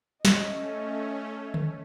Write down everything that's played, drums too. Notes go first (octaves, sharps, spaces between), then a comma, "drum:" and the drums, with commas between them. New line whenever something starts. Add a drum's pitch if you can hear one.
A3 C#4 D#5, drum: snare
drum: tom D3